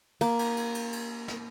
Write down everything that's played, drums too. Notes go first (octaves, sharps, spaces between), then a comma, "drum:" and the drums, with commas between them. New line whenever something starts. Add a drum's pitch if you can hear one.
A#3, drum: cymbal
drum: cymbal
drum: cymbal
drum: cymbal
drum: cymbal
drum: snare